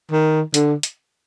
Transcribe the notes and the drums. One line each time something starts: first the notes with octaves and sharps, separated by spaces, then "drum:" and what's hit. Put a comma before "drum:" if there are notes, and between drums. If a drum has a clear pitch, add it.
D#3
D3, drum: hi-hat
drum: hi-hat